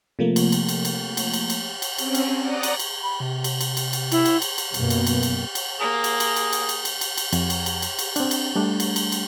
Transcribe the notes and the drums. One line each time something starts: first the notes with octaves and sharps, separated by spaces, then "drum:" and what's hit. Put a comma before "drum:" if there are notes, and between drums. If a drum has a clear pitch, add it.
C3 F3 A3 A#3
drum: cymbal
drum: cymbal
drum: cymbal
drum: cymbal
drum: cymbal
drum: cymbal
drum: cymbal
drum: cymbal
C4 C#4, drum: cymbal
drum: cymbal
D5 F#5 A#5 D#6
drum: cymbal
drum: cymbal
B5
C3
drum: cymbal
drum: cymbal
drum: cymbal
drum: cymbal
E4, drum: cymbal
drum: cymbal
drum: cymbal
drum: cymbal
F#2 B2 A#3 B3, drum: cymbal
drum: cymbal
drum: cymbal
drum: cymbal
drum: cymbal
A#3 G#4
drum: cymbal
drum: cymbal
drum: cymbal
drum: cymbal
drum: cymbal
drum: cymbal
drum: cymbal
drum: cymbal
F2, drum: cymbal
drum: cymbal
drum: cymbal
drum: cymbal
drum: cymbal
C4 D4, drum: cymbal
drum: cymbal
G3 A3 D4
drum: cymbal
drum: cymbal
drum: cymbal